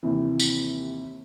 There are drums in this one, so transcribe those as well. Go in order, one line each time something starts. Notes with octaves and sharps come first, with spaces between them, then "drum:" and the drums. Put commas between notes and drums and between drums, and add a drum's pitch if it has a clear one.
D#2 C3 E3
drum: tambourine